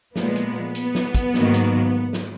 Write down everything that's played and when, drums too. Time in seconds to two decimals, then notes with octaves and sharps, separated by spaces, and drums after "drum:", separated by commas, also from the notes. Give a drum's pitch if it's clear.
0.16 A#2 F3 G#3 B3, drum: snare
0.36 drum: hi-hat
0.75 B3, drum: hi-hat
0.95 drum: snare
1.15 drum: kick, hi-hat
1.34 G#2 D#3 F#3 A#3, drum: snare
1.54 drum: hi-hat
2.13 drum: snare